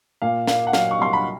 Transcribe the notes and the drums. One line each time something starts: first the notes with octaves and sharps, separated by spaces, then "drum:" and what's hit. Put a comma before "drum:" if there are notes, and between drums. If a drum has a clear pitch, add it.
A#2 F5
A#3 F5, drum: snare
F#5
F#3 F5, drum: snare
C#6
C2 C6
B5